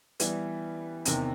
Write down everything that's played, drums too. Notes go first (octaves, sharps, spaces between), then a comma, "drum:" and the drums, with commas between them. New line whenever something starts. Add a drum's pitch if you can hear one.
E3 G3 B3, drum: hi-hat
E2 C3 D#3, drum: hi-hat